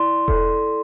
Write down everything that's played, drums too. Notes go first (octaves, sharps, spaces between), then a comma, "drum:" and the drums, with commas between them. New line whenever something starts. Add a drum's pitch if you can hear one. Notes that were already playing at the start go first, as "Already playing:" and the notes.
Already playing: E4 D5 C6
A4, drum: kick E1